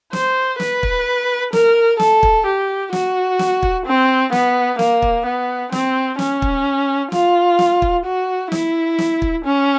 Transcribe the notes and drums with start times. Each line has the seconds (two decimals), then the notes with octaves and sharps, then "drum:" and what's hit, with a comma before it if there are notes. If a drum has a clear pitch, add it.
0.13 C5, drum: snare
0.60 B4, drum: snare
0.83 drum: kick
1.53 A#4, drum: snare
2.00 A4, drum: snare
2.23 drum: kick
2.46 G4
2.93 F#4, drum: snare
3.39 drum: snare
3.63 drum: kick
3.86 C4
4.32 B3, drum: snare
4.79 A#3, drum: snare
5.02 drum: kick
5.26 B3
5.72 C4, drum: snare
6.19 C#4, drum: snare
6.42 drum: kick
7.12 F4, drum: snare
7.59 drum: snare
7.82 drum: kick
8.05 F#4
8.52 E4, drum: snare
8.98 drum: snare
9.22 drum: kick
9.45 C#4